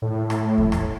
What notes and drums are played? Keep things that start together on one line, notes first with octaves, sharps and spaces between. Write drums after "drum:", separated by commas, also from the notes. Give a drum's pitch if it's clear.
A2
drum: rim click
drum: kick E2
drum: rim click